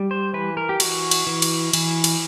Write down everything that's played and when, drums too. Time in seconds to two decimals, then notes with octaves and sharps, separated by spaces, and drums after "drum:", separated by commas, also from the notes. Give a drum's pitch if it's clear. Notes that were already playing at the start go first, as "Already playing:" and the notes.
Already playing: G3
0.11 C5
0.34 E3 B4
0.57 A#4
0.69 G4
0.80 E3 F#4, drum: cymbal
1.11 drum: cymbal
1.27 E3
1.42 drum: cymbal
1.73 E3, drum: cymbal
2.04 drum: cymbal